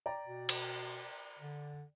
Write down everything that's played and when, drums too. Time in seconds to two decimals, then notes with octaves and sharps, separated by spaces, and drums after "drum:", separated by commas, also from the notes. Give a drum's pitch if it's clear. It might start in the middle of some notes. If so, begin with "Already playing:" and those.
0.06 D5 G5 A#5
0.27 B2
0.49 drum: cymbal
1.39 D3